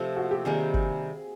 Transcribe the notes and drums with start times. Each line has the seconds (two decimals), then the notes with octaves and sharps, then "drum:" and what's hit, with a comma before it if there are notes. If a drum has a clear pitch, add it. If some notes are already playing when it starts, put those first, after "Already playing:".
Already playing: C3 F3 A3 C4
0.17 F#4
0.31 G4
0.45 C3 D#3 G3 A#3 G#4
0.74 drum: kick G1